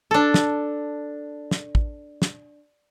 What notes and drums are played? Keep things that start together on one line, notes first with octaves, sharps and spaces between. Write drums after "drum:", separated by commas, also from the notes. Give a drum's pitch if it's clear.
D4 A4
drum: snare
drum: snare
drum: kick
drum: snare